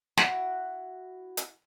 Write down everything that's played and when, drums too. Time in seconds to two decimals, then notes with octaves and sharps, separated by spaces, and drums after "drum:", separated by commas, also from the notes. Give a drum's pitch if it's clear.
0.17 E4 F#4 F#5, drum: snare
1.37 drum: hi-hat